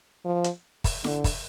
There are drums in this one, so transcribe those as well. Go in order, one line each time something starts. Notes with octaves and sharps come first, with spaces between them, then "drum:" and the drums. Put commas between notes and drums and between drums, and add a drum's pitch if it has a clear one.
F3
drum: hi-hat
drum: kick, open hi-hat
D3, drum: snare E4
drum: kick, open hi-hat